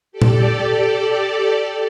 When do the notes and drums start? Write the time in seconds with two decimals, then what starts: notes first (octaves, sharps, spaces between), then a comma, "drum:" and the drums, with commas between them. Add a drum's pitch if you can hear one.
0.12 G4 A4 D5
0.22 drum: tom A#2